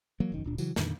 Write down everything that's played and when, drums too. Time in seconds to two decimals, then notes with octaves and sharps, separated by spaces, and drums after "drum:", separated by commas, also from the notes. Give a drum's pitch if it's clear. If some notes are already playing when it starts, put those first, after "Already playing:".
0.20 E3 F#3 A#3
0.32 E1 F#2 D#3
0.44 D1 A#2 D4
0.58 C#3 E3 F#3, drum: tambourine
0.76 F2 A#2 D3 D#3, drum: snare